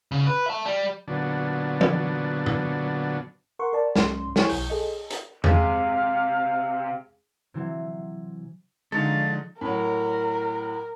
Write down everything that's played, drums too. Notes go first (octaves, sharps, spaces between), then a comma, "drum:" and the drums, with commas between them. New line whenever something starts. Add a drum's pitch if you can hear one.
C#3
B4
E5 A5
G3
A#2 D3 F#3 B3 D4
drum: tom E3
drum: tom G#2
A#4 F#5 C6 C#6
A#4 D5 A5
C2 G#2 C#4 C6, drum: snare
E4 G4 C5 C#5 G#5 C#6, drum: snare
B1 G6, drum: open hi-hat
G#4 A4 D#5
drum: hi-hat
C3 G#3 F5, drum: tom E2
C3 E3 F#3 C4
D3 F3 G#3 D#4 A4 C#5 F5
A2 F#3 A#4